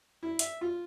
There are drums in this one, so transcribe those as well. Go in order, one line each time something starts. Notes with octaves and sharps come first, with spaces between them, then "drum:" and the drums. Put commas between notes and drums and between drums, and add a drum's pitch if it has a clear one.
E4
E5, drum: hi-hat
F4